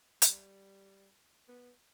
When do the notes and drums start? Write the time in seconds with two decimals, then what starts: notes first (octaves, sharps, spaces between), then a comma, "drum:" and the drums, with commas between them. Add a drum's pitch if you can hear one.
0.22 G3, drum: hi-hat
1.48 B3